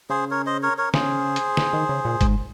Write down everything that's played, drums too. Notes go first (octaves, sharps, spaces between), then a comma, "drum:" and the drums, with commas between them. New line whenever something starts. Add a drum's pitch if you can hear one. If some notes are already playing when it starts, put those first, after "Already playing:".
C#3 G#4 C5
A#4 C#5
C5 D#5
A#4 C#5
A#4 C#5
C#3 G#4 C5, drum: snare
drum: hi-hat
drum: snare
D#3
C#3
A#2
G#2, drum: kick F#1, hi-hat